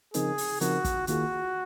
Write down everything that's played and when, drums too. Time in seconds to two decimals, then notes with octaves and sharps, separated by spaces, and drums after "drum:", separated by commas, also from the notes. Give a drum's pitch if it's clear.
0.14 C#3 F3 C4 D#4 G#4 A#4, drum: hi-hat
0.38 drum: open hi-hat
0.61 C#3 F3 C4 D#4 F#4 A#4, drum: hi-hat
0.84 drum: kick, hi-hat
1.07 D#3 A#3 F4 F#4 G#4, drum: hi-hat